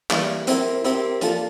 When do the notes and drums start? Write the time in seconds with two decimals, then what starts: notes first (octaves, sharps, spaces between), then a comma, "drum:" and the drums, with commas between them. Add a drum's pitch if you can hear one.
0.11 E3 G3 A#3 E4 G4, drum: clap
0.47 C4 E4 G4 A#4, drum: hi-hat
0.84 C4 E4 G4 A#4, drum: hi-hat
1.21 F3 A#3 D4 F4 A4, drum: hi-hat